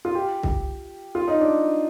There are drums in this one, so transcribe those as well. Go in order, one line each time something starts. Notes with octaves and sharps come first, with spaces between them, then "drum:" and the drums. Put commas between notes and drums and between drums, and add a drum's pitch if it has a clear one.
F4
G4
drum: kick C2
F4
D#4
D4